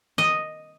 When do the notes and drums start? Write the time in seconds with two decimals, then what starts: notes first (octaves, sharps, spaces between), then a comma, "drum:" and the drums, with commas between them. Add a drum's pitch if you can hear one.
0.18 D#5, drum: snare